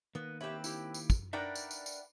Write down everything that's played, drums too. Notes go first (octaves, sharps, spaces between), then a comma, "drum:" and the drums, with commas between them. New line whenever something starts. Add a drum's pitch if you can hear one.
D#3 A#3 B3
C4 G4 B4 C#5 E5
E4 G4, drum: tambourine
drum: tambourine
drum: kick, tambourine
D4 D#4 A#4 B4 E5 F#5 G5
drum: tambourine
drum: tambourine
drum: tambourine